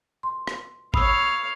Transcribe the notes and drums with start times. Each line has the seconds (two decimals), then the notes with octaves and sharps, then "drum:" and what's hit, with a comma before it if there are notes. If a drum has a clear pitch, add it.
0.23 C6
0.47 drum: rim click
0.94 C#5 F5 B5 D#6 E6, drum: kick